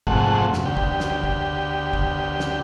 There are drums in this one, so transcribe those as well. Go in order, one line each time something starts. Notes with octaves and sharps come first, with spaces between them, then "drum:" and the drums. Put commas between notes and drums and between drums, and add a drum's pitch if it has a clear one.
F2 G#2 C3 A3 F#5, drum: kick
drum: snare
D2 G4
drum: kick
drum: snare
drum: kick
drum: kick
drum: snare